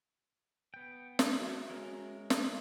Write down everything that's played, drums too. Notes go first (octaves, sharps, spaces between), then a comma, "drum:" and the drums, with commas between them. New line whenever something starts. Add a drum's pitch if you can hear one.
B3 G5
drum: snare
F#4 E5
G#3 C#4 A#4
drum: snare